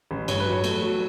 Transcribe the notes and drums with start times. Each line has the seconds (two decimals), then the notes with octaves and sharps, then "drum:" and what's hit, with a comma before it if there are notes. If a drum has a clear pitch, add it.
0.11 A1
0.28 G2 C#5, drum: cymbal
0.40 B4
0.46 F#3
0.52 C#5
0.64 A3, drum: cymbal
0.82 F#3